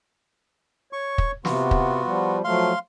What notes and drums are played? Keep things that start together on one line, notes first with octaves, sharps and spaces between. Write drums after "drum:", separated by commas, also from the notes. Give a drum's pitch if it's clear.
C#5 C#6
drum: kick
C3 B3 F4 F#4, drum: snare
drum: kick
F3 G3
F3 F#3 A3 F5 C6